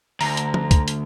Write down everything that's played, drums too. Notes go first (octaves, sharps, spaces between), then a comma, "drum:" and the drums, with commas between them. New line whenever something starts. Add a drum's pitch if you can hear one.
D2 A#5, drum: open hi-hat
drum: hi-hat
drum: tom
drum: kick, hi-hat
drum: hi-hat